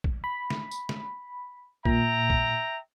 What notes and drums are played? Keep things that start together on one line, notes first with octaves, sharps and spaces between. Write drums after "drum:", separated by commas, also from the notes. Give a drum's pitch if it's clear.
drum: kick
B5
drum: snare
drum: tambourine
drum: snare
A#2 E5 G5 A#5, drum: kick
drum: kick